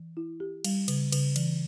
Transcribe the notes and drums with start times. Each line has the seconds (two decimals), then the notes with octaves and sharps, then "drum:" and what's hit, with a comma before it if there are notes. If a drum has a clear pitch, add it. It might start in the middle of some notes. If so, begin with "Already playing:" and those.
Already playing: E3
0.17 E4
0.40 G4
0.64 G3, drum: cymbal
0.88 C#3, drum: cymbal
1.12 C#3, drum: cymbal
1.36 E3, drum: cymbal